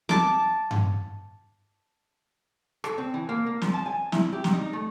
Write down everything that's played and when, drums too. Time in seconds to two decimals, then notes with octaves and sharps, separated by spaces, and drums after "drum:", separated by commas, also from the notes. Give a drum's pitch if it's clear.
0.09 A5 D6, drum: snare
0.71 drum: tom G2
2.84 A4, drum: rim click
2.98 C4
3.14 E3
3.29 A#3
3.46 A#3
3.61 F3, drum: snare
3.74 A5
3.86 G#5
4.12 E4, drum: snare
4.33 G4
4.44 drum: snare
4.53 D#4
4.73 A3